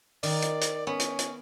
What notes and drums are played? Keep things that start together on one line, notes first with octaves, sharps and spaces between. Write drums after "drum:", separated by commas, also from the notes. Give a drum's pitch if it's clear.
D#3 D5, drum: open hi-hat
drum: hi-hat
drum: hi-hat
B3 C#4
drum: hi-hat
drum: hi-hat